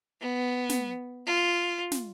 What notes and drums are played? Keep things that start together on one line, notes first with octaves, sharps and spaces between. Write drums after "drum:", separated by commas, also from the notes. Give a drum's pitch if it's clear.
B3
drum: snare
F4
drum: snare